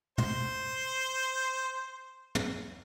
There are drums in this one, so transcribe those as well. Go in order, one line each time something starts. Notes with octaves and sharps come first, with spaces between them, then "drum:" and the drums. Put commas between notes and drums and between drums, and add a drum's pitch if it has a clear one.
C5 C6, drum: tom
drum: tom